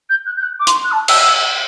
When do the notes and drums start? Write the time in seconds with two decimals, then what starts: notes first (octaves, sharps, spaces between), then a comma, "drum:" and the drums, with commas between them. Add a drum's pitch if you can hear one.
0.09 G6
0.26 F#6
0.36 G6
0.42 F#6
0.59 D6
0.67 C6, drum: hi-hat
0.84 F#6
0.92 A5
1.08 E6, drum: cymbal